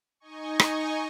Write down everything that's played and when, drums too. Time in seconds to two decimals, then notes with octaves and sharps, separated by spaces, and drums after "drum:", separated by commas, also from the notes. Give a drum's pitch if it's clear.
0.20 D#4 D#5 G#5 C#6
0.59 drum: rim click